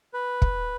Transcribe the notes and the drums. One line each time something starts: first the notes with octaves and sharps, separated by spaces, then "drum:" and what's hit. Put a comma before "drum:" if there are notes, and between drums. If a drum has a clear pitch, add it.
B4
drum: kick